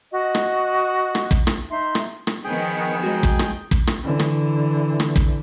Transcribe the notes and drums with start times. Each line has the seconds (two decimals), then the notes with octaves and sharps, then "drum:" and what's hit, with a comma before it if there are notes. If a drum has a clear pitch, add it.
0.12 F#4 D#5
0.35 drum: rim click
1.15 drum: rim click
1.31 drum: kick
1.47 drum: rim click
1.71 D#4 E5 C6
1.95 drum: rim click
2.27 drum: rim click
2.44 D#3 F3 B3 G#4 G5
3.03 G#3 F#4
3.23 drum: kick
3.39 drum: rim click
3.71 drum: kick
3.87 drum: rim click
4.03 D3 E3
4.19 drum: rim click
5.00 drum: rim click
5.16 drum: kick